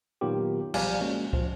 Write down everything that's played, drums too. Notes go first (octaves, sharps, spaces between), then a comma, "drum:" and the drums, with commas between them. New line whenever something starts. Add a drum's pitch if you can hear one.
A#2 D#3 F#3 B3 F4 G4
B1 F3 G3 D5 F5 G#5, drum: cymbal
G#3 A#3 C#4 F#4
F3, drum: kick